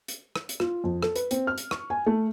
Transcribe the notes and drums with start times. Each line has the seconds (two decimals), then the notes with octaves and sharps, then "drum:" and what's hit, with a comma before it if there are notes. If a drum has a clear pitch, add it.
0.08 drum: hi-hat
0.36 drum: rim click
0.49 drum: hi-hat
0.60 F4, drum: rim click
0.84 F2
1.03 A4, drum: rim click
1.16 B4, drum: hi-hat
1.31 C4, drum: hi-hat
1.47 F6
1.58 drum: hi-hat
1.71 C#6, drum: rim click
1.90 G#5
2.06 A3